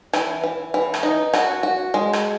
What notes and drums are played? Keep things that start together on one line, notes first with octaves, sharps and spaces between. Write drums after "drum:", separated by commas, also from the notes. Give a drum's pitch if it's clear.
E3, drum: rim click
E3
E3
drum: rim click
D#4
F#4, drum: rim click
F#4
G#3
drum: rim click